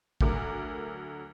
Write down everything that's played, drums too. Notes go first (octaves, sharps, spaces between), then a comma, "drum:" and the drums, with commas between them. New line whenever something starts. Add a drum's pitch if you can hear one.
D2 F#3 A#4 D6, drum: kick